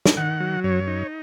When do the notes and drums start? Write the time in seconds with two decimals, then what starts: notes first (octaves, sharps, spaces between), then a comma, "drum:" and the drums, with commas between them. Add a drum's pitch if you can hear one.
0.06 drum: snare
0.17 D#3 F#5
0.40 F#3
0.64 F#2 C#5
0.87 D#4